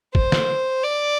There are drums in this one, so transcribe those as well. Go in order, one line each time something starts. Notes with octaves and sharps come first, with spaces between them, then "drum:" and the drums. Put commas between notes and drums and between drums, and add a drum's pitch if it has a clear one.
C5, drum: kick
drum: snare
D5